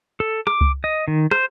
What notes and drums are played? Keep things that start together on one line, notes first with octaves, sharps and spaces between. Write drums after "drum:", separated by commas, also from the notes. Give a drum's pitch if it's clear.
A4
D6, drum: rim click
drum: kick C#2
D#5
D#3
C5, drum: rim click